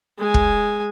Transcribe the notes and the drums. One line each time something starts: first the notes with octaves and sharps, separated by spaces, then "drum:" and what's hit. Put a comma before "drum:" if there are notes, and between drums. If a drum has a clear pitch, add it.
G#3 G#5
drum: kick